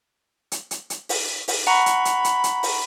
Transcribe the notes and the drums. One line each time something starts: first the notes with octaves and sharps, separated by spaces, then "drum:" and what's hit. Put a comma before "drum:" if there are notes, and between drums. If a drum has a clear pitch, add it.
drum: hi-hat
drum: hi-hat
drum: hi-hat
drum: open hi-hat
drum: open hi-hat
F#5 A#5 B5 C#6
drum: hi-hat
drum: hi-hat
drum: hi-hat
drum: hi-hat
drum: open hi-hat